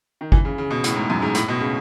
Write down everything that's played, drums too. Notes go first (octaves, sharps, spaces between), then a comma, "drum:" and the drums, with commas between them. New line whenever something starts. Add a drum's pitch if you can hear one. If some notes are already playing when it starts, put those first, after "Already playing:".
D#3
E3, drum: kick G1
C#3
C#3
B2
A2, drum: hi-hat
G#2
F#2
G#2
A2, drum: hi-hat
B2
C#3